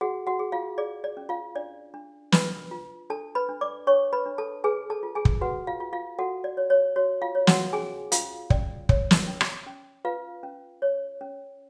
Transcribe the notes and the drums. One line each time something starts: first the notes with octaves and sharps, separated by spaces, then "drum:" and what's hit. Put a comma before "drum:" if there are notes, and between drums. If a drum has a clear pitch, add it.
F#4 G#4 F#5
F#4 F#5
G#4
F4 F5
G#4 D5
D5
C#4
F4 F5
D4 D5
D4
D4 B4 B5, drum: snare
F4
D4 A4 A5
B4 B5
D4
D5 D6
D4 C#5 C#6
B4 B5
D4
A4 A5
G#4 B4 G#5
A4 A5
F4
G#4 G#5
drum: kick
F#4 B4 F#5
F4 F5
F4
F4 F5
F#4 A4 F#5
D5
C#5
C#5
F#4 C#5
F4 F5
C#5
F#4 F#5, drum: snare
C#4 G#4 G#5
C#4 F4 F5, drum: hi-hat
C#4 D5, drum: kick
C#5, drum: kick
drum: snare
C#4
drum: rim click
C#4
F4 B4 F5
C#4
C#5
C#4